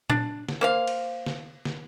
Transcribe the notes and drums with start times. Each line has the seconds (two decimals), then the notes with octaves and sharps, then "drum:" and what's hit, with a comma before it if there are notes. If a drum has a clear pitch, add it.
0.10 D4, drum: tom A#2
0.49 drum: snare
0.61 A#3 C5 F5
0.87 drum: cymbal
1.26 drum: snare
1.65 drum: snare